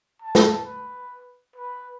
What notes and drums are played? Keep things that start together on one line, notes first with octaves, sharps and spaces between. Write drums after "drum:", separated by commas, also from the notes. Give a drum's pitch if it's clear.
A5
drum: snare
B4
B4